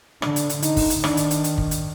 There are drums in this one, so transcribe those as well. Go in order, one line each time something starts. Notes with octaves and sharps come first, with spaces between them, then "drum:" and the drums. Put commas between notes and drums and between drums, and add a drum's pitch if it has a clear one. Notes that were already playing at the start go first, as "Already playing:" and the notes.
D3 D4, drum: rim click
drum: hi-hat
drum: hi-hat
D3 D#4, drum: hi-hat
drum: kick, open hi-hat
drum: hi-hat
D#3 D4, drum: rim click
drum: hi-hat
drum: hi-hat
drum: hi-hat
drum: kick
drum: hi-hat